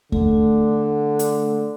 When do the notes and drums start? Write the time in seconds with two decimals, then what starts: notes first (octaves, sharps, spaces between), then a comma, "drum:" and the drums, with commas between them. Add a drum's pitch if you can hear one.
0.12 D3 A3, drum: kick D#2
1.19 drum: hi-hat